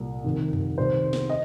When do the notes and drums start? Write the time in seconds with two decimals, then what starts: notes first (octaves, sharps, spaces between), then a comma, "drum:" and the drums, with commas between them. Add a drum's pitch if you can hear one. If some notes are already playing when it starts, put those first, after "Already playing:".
Already playing: C2 A#2
0.24 F2 C3 D#3
0.53 drum: tom F#2
0.77 C2 C3 D#3 C5
1.13 drum: snare
1.29 D#5